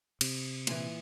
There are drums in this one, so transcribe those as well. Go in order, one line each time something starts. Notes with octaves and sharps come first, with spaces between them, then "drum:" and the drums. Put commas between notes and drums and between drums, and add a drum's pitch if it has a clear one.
C3, drum: cymbal
A#2 E3, drum: cymbal